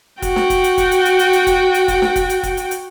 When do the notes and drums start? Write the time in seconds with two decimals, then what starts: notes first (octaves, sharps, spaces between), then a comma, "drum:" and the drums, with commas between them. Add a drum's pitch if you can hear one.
0.22 F#4 G5, drum: kick, hi-hat
0.36 drum: snare
0.50 drum: kick, hi-hat
0.64 drum: hi-hat
0.78 drum: kick, hi-hat
0.91 drum: hi-hat
1.05 drum: hi-hat
1.19 drum: hi-hat
1.33 drum: hi-hat
1.47 drum: kick, hi-hat
1.74 drum: hi-hat
1.88 drum: kick, hi-hat
2.02 drum: snare
2.16 drum: kick, hi-hat
2.30 drum: hi-hat
2.43 drum: kick, hi-hat
2.57 drum: hi-hat
2.71 drum: hi-hat